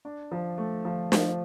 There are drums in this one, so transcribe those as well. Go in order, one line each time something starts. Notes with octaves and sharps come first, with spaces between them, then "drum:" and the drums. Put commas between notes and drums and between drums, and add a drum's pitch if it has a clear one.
D4
F3
A3
F3
F3, drum: snare